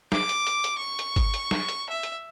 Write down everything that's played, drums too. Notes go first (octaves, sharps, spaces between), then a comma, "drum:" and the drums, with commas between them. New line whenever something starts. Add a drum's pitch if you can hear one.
D6, drum: snare
drum: hi-hat
drum: hi-hat
drum: hi-hat
C#6
drum: hi-hat
drum: kick G1, hi-hat
drum: hi-hat
drum: snare
drum: hi-hat
E5
drum: hi-hat